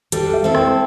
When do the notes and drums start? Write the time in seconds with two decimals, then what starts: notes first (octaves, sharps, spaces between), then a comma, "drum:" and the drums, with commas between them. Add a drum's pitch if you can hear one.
0.12 G3 A4, drum: hi-hat
0.33 E5
0.44 C4 E4 A4
0.55 G5, drum: rim click